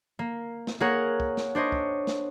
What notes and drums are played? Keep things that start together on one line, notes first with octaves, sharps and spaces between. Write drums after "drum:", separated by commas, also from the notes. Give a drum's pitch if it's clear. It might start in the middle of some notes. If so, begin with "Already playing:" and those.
A#3
drum: snare
A#3 G#4 A#4 C#5 F#5
drum: kick
drum: snare
D4 C5 C#5 D#5
drum: kick
drum: snare